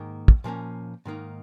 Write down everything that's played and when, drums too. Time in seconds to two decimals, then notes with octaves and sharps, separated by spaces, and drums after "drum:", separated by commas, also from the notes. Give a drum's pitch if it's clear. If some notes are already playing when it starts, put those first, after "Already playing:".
Already playing: G#2 D#3 A#3
0.28 drum: kick
0.44 A#2 F3 A#3 C#4
1.05 G#2 D#3 A#3 D#4